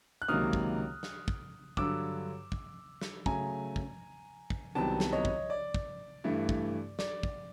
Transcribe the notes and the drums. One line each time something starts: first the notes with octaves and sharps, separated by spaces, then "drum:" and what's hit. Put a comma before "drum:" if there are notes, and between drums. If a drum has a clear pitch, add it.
F#6
C#2 C3 D#3 F#3 A#3 D#6 F6
drum: kick
drum: snare
drum: kick
G2 D3 F#3 D6 E6, drum: kick
drum: kick
drum: snare
C#3 F#3 A3 G#5 A#5, drum: kick
drum: kick
drum: kick
C2 C3 D#3 F#3 B3 G5 A5
drum: snare
C#5 D#5
drum: kick
D5
drum: kick
G2 E3 A3
drum: kick
D5, drum: snare
drum: kick